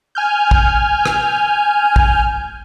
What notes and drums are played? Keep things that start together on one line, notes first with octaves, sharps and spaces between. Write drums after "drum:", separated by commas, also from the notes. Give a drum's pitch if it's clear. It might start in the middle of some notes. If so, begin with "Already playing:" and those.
G#5 F6 G6
drum: kick
drum: rim click
drum: kick